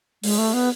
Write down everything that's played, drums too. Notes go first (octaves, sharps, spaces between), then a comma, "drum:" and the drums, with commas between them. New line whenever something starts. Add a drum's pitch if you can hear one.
G#3, drum: open hi-hat
A3
B3